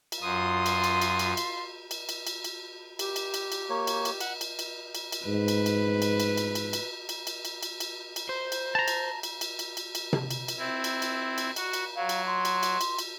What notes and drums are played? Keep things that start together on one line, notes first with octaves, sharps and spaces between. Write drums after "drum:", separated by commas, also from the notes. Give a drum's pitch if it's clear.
drum: cymbal
F#2 F4 C6 D#6
drum: cymbal
drum: cymbal
drum: cymbal
drum: cymbal
drum: cymbal
drum: cymbal
drum: cymbal
drum: cymbal
drum: cymbal
G4, drum: cymbal
drum: cymbal
drum: cymbal
drum: cymbal
A#3 C#5
drum: cymbal
drum: cymbal
F#5, drum: cymbal
drum: cymbal
drum: cymbal
drum: cymbal
drum: cymbal
G#2 B4
drum: cymbal
drum: cymbal
drum: cymbal
drum: cymbal
drum: cymbal
drum: cymbal
drum: cymbal
drum: cymbal
drum: cymbal
drum: cymbal
drum: cymbal
drum: cymbal
drum: cymbal
C5
drum: cymbal
A5 A#5
drum: cymbal
drum: cymbal
drum: cymbal
drum: cymbal
drum: cymbal
drum: cymbal
drum: tom C3
drum: cymbal
drum: cymbal
C4 E4
drum: cymbal
drum: cymbal
drum: cymbal
F#4, drum: cymbal
drum: cymbal
F#3 F5
drum: cymbal
C6
drum: cymbal
drum: cymbal
drum: cymbal
drum: cymbal